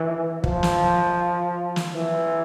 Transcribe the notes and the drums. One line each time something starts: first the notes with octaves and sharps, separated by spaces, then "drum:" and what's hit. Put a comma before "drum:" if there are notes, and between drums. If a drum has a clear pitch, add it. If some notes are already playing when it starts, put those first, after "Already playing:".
Already playing: E3
F3, drum: kick
drum: snare
drum: snare
E3